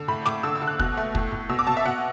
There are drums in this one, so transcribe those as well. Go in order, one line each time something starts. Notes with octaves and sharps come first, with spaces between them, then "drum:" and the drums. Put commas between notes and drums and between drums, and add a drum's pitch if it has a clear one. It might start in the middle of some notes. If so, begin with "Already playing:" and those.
Already playing: D3
A2 B5
A2 D6, drum: snare
D3 E6
E6
D3
F#6
B2 F#6, drum: kick
A3
A2, drum: kick
A2
B2 E6
D6
B2 A5
E5
B2 F#5